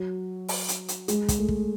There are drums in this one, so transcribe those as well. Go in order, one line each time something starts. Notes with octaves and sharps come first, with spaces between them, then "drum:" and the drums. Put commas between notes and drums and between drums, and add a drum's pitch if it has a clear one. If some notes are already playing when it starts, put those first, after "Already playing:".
Already playing: F#3
drum: open hi-hat
drum: hi-hat
drum: hi-hat
G#3, drum: hi-hat
drum: kick, hi-hat
A3
drum: kick